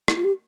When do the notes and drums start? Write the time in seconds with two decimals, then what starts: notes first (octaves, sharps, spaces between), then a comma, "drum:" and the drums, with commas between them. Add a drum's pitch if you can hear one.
0.08 E4, drum: rim click
0.16 F4
0.24 G4